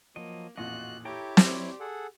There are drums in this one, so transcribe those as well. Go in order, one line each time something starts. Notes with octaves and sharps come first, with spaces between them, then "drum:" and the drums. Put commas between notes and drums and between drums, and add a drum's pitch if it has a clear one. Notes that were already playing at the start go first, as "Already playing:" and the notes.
F3 F#3 A#3 D#5
A1 F2 A#2 F4 F#4 D#5 F#6
E4 G4 A4 C#5 G5 A#5 D6
D5 G5 C6, drum: snare
G#4 A4 F#5